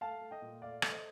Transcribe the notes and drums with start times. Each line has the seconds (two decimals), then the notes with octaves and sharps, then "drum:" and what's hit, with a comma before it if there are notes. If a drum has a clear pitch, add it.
0.01 A3 F5 A5
0.21 A3
0.31 D#5 G5
0.42 A#2
0.62 A3 D5 F5
0.82 A3, drum: rim click
0.92 C5 D#5